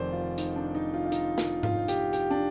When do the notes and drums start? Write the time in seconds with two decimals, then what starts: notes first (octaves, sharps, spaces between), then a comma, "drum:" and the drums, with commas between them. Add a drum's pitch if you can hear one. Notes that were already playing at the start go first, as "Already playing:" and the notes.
Already playing: F1 F2 D#3 C5 D5
0.13 F4
0.38 D#4, drum: hi-hat
0.56 D4
0.75 D#4
0.94 F4
1.06 F4
1.12 D#4, drum: hi-hat
1.38 F4, drum: snare
1.63 F4, drum: tom G#2
1.88 G4, drum: hi-hat
2.13 G4, drum: hi-hat
2.31 D4